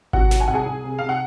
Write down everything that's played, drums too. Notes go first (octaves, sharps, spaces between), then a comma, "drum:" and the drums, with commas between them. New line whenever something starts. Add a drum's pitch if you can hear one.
C2 F#4 F#5, drum: kick G#1
F#3, drum: snare
G#5
C2 F#5
G#4 G#5
C2
C3
C3 F5
F#5